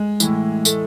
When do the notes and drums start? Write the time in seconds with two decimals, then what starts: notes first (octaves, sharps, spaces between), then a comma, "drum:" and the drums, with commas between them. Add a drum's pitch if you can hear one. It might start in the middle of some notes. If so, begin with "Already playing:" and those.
Already playing: G#3
0.20 A2 E3, drum: tambourine
0.65 A3, drum: tambourine